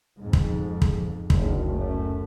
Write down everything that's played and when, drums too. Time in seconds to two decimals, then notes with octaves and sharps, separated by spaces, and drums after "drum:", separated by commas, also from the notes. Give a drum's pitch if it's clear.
0.20 F2 G#2
0.33 drum: kick
0.82 drum: kick
1.30 F#1 D2 A2 D#3, drum: kick
1.73 F#2 A3